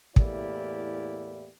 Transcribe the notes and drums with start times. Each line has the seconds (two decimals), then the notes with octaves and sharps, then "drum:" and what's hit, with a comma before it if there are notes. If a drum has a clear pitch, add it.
0.16 E2 A2 A#3 E4 G4 D5, drum: kick